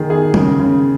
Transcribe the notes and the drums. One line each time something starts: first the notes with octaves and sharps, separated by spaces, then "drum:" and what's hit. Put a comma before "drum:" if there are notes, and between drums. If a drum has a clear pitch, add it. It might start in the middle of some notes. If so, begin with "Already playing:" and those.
Already playing: D#3 G#4
G#4
C#3, drum: tom
C#3